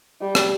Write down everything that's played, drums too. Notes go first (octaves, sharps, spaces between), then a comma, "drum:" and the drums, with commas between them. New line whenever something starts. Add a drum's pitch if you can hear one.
G3
drum: rim click